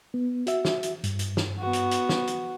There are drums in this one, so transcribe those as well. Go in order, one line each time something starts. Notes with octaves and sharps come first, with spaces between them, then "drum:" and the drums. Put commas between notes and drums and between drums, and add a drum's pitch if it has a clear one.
B3
F#4 E5, drum: hi-hat
drum: snare
drum: hi-hat
G2, drum: hi-hat
drum: hi-hat
drum: snare
B3 F#4
drum: hi-hat
drum: hi-hat
drum: snare
drum: hi-hat